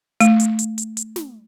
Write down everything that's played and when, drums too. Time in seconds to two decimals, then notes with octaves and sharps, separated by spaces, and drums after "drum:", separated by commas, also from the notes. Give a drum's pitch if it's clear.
0.20 A3, drum: hi-hat
0.40 drum: hi-hat
0.59 drum: hi-hat
0.78 drum: hi-hat
0.97 drum: hi-hat
1.16 drum: snare